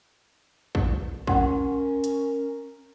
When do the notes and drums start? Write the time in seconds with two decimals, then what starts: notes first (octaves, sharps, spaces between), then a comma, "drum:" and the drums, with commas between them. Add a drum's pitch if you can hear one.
0.75 drum: kick
1.27 C#4 A#4 F#5 C6, drum: kick
2.04 drum: hi-hat